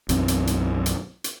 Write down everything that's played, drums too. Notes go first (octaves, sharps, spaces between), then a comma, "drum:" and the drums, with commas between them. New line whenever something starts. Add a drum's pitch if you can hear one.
B1 F#2 E3 C4, drum: hi-hat
drum: hi-hat
drum: hi-hat
drum: hi-hat
drum: hi-hat